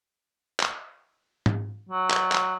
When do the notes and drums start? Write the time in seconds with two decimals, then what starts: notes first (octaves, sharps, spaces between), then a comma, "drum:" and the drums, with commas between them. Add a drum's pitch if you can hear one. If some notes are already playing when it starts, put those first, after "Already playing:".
0.60 drum: clap
1.46 drum: tom G#2
1.89 F#3
2.10 drum: clap
2.32 drum: clap